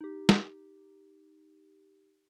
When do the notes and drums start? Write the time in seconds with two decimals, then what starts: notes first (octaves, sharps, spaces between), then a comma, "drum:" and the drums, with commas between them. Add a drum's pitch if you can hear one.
0.01 D#4 G4
0.29 drum: snare